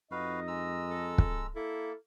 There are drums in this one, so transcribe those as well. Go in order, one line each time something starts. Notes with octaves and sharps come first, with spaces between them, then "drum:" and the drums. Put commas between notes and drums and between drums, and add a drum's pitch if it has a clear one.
F2 D#4 F#4 B4 D#5 F5
G#3 A#5 E6
A4
drum: kick
A#3 E4 A4